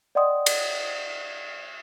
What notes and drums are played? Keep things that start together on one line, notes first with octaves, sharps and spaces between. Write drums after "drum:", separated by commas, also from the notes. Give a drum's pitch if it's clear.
D5 D#5 F#5 G5 C6 D#6
drum: cymbal